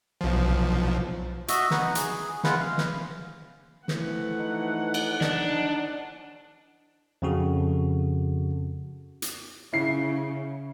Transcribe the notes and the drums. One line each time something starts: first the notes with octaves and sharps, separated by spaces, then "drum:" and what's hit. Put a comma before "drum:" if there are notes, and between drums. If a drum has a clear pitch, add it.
B1 F3
F#4 D#5 E5, drum: hi-hat
B3 D#4 F#5, drum: snare
G#4, drum: hi-hat
G#3 E4 F4 F#5, drum: snare
F5
drum: snare
E3 F3 A3 F#5, drum: snare
D#4
drum: cymbal
D4 D#4, drum: snare
F2 C#3 F#4 A4
drum: hi-hat
C#3 E4 C7